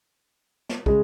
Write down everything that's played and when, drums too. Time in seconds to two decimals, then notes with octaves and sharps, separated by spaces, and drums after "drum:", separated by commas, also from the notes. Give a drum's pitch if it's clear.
0.69 drum: snare
0.86 C#3 G#3, drum: kick